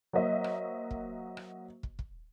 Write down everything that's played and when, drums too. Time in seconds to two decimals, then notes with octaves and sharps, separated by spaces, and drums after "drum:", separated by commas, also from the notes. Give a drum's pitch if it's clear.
0.13 F#3 A#3 F#4 C5 D#5 E5
0.44 drum: rim click
0.91 drum: kick
1.37 drum: rim click
1.83 drum: kick
1.99 drum: kick